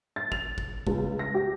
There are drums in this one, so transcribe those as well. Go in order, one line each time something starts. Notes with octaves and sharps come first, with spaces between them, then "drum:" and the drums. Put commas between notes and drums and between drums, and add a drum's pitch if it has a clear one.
A6
F7, drum: kick
drum: kick
C#2, drum: kick
A#6
G4